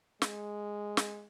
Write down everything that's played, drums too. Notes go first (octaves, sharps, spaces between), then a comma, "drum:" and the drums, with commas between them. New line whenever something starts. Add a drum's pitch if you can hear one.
G#3, drum: snare
drum: snare